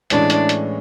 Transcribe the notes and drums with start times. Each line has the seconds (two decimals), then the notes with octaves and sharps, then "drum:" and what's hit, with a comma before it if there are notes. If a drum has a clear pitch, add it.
0.10 A2 E3 G#3 C#4 D4, drum: hi-hat
0.30 drum: hi-hat
0.49 drum: hi-hat